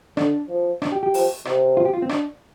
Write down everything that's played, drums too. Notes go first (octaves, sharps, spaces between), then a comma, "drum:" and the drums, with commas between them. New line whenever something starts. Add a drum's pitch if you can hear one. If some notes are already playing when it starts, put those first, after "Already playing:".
D3 D4, drum: rim click
F3
D4, drum: rim click
G4
G4
F3, drum: open hi-hat
C3, drum: rim click
F4
G4
F4
C4
D4, drum: rim click